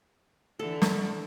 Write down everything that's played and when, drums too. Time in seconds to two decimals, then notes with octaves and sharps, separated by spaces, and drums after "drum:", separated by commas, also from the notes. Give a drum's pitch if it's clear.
0.59 D3 E3 A4
0.82 drum: snare